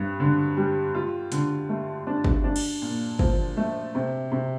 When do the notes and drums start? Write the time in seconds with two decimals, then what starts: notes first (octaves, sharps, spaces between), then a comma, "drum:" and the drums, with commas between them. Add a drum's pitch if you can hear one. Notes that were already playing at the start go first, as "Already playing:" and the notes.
Already playing: G2 C4
0.20 D3
0.57 G3
0.95 F4
1.32 D3, drum: hi-hat
1.69 A3
2.07 D4
2.24 drum: kick
2.44 D4
2.56 drum: cymbal
2.82 A#2
3.19 F3, drum: kick
3.57 A3
3.95 C3
4.32 C3